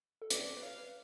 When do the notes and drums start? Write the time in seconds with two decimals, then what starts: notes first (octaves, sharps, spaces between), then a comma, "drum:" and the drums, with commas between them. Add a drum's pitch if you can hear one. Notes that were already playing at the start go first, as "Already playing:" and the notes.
0.22 A4
0.30 B4 D5, drum: hi-hat
0.57 B4
0.63 C#5 F5
0.78 B4